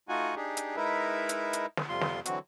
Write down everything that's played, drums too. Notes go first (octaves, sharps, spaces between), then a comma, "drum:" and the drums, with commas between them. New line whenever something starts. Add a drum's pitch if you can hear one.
A3 D#4 F4 F#4 F#5 G#5
D4 D#4 G4 G#4
drum: hi-hat
G#3 D#4 E4 A#4 B4 E5
drum: hi-hat
drum: hi-hat
drum: snare
F2 C3 G3 F4 C6
drum: snare
D3 E3 F#3 C4 F#4, drum: hi-hat